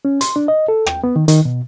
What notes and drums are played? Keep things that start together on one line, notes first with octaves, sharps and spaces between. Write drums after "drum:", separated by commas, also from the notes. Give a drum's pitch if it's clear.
C#4
C6, drum: hi-hat
D4
D#5
A4
G5, drum: rim click
B3
D#3
D#3, drum: hi-hat
B2